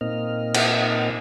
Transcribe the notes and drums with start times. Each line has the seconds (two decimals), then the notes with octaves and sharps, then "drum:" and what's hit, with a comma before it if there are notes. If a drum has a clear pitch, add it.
0.01 A#2 A#3 C4 D#4 D#5 F6
0.54 drum: cymbal